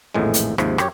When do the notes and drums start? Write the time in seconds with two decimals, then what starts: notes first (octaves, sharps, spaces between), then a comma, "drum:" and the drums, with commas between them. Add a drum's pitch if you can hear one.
0.14 A#1 F2 A2 D#3 E3 G#3
0.34 drum: hi-hat
0.58 D#2 G#2 C3 F3, drum: rim click
0.78 F#2 G4 C#5, drum: rim click